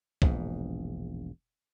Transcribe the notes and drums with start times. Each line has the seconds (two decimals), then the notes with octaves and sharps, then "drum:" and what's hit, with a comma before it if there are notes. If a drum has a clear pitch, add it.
0.22 E1 A#1 G#2, drum: kick